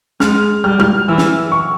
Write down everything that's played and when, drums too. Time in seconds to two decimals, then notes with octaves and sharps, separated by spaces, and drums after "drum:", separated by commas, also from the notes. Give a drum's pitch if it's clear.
0.20 G#3 F6, drum: snare
0.64 G3 F6
0.80 F6, drum: tom G#3
1.08 E3 E6
1.18 drum: snare
1.52 C#6